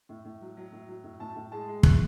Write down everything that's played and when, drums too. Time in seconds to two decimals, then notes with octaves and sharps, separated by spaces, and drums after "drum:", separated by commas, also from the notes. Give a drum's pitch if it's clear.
0.09 A2
0.25 A2
0.41 F#3
0.57 F#3
0.72 A2
0.88 F#3
1.04 A2
1.20 A2 A5
1.36 A2
1.52 G#3 A5
1.68 G#3
1.83 A2 F#6, drum: kick